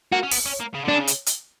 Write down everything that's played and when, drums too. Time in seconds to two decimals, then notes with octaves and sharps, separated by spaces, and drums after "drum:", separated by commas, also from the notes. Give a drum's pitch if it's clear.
0.12 A#3 F#4
0.23 C#4
0.31 B3, drum: open hi-hat
0.46 C#4
0.60 A#3
0.75 C#3
0.85 D3 D4
0.95 C#3
1.07 drum: hi-hat
1.26 drum: hi-hat